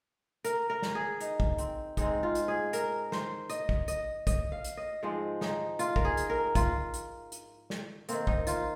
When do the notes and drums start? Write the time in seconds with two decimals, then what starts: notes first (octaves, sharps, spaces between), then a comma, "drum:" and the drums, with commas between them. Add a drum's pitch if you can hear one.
0.44 A#4, drum: hi-hat
0.70 A#4
0.82 drum: snare
0.95 G#4
1.20 D#4, drum: hi-hat
1.40 drum: kick
1.58 C4, drum: hi-hat
1.97 G#2 G#3 C4 D#4, drum: kick, hi-hat
2.23 F4
2.35 drum: hi-hat
2.48 G#4
2.73 A#4, drum: hi-hat
3.12 C5, drum: snare
3.49 D#5, drum: hi-hat
3.69 drum: kick
3.88 D#5, drum: hi-hat
4.27 D#5, drum: kick, hi-hat
4.52 F5
4.64 drum: hi-hat
4.77 D#5
5.03 G#2 F3 G#3 C4 C5
5.41 D#4, drum: snare
5.79 F4, drum: hi-hat
5.96 A#4, drum: kick
6.05 G#4
6.17 drum: hi-hat
6.30 A#4
6.55 F4, drum: kick, hi-hat
6.94 drum: hi-hat
7.32 drum: hi-hat
7.70 drum: snare
8.09 D#3 A#3 C4, drum: hi-hat
8.27 D#4, drum: kick
8.47 F4, drum: hi-hat